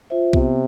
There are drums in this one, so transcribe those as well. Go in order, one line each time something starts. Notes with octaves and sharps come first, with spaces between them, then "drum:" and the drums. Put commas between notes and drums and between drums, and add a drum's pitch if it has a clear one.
F4 C5 E5
C3 B3, drum: kick B1